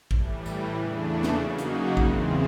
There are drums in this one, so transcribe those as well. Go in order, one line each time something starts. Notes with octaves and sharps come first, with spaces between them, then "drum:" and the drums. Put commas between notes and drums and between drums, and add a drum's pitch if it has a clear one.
A2 E3 G3, drum: kick
drum: tambourine
E2 C#3 E3 A3 D4
drum: snare
C#3 F#3 A#3 D#4 F#4
drum: hi-hat
E2 C#3 E3 G#3 C4, drum: kick